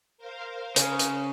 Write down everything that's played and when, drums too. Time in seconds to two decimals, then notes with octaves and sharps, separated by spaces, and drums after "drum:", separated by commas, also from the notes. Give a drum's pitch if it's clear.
0.18 A#4 C5 F5
0.76 C#3, drum: hi-hat
0.99 drum: hi-hat